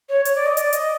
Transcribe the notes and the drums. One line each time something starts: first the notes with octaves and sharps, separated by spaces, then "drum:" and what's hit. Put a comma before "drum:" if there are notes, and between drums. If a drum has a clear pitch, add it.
C#5
C#5, drum: hi-hat
D5
D#5
D5, drum: hi-hat
D#5, drum: hi-hat